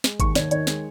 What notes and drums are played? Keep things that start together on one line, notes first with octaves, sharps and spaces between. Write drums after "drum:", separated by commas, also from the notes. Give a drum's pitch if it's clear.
G#3, drum: snare
D#2 C#6, drum: kick G#1, hi-hat
D#2 C#5, drum: snare
D#3 C#5, drum: hi-hat
G#3, drum: snare